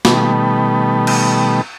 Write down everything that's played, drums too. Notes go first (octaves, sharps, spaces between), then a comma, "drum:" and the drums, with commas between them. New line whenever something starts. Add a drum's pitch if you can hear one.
B2 D#3 G3 A3 B3, drum: snare
drum: cymbal